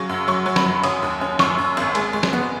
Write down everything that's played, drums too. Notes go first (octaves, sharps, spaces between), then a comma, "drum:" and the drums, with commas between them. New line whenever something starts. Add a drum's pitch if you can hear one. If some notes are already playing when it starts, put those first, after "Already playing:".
Already playing: C#3 F#3 C#6
F#2
F#3 C#6
F#3
B5, drum: snare
F#2
C#4 D#6, drum: cymbal
D#2
C#4
F#2 C#6, drum: snare
F#2
G#1
G#3, drum: cymbal
G#3
drum: snare
B3